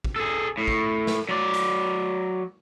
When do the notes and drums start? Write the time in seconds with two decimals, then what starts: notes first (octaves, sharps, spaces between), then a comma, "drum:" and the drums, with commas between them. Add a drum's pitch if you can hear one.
0.04 drum: kick
0.16 G#4 A4
0.58 A2
0.68 drum: kick
1.07 drum: snare
1.29 F#3 D5
1.54 drum: hi-hat